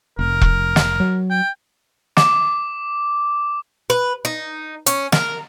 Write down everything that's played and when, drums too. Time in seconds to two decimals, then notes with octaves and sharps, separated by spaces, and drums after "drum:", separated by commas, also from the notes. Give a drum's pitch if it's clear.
0.19 F1 A#4
0.41 drum: kick E1
0.76 drum: snare
1.00 F#3
1.30 G5
2.17 D6, drum: snare
3.90 B4
4.25 D#4
4.86 C#4, drum: hi-hat
5.12 A#4, drum: snare